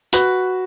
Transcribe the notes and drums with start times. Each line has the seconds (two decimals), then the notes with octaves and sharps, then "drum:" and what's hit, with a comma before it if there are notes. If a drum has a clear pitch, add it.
0.13 F#4 B4, drum: tambourine